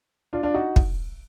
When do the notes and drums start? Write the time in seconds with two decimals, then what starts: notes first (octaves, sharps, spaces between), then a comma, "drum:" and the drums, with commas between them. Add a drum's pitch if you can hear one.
0.33 D4 F4
0.43 D4 F4
0.54 D#4 F#4
0.76 drum: kick